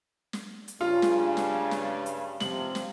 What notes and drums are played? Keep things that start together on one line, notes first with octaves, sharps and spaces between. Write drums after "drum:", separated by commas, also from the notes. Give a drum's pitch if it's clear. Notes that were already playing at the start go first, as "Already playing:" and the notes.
drum: snare
drum: hi-hat
G2 C#3 F4
drum: snare
drum: snare
drum: snare
drum: hi-hat
C3 F3 F#7, drum: snare
drum: snare